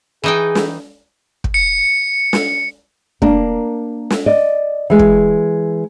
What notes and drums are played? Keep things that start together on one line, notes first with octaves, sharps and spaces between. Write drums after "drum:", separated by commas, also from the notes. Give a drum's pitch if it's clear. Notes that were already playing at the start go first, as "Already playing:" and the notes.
E3 D#4 G#4 G5
drum: snare
drum: kick
C#7
drum: snare
A#3 D4 A#4, drum: kick
drum: snare
D5 D#5
E3 G#3
drum: kick